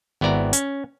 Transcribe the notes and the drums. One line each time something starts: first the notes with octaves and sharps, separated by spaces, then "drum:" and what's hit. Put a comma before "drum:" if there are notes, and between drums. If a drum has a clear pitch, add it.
G#1 B3 E4 D5 A#5
C#4, drum: hi-hat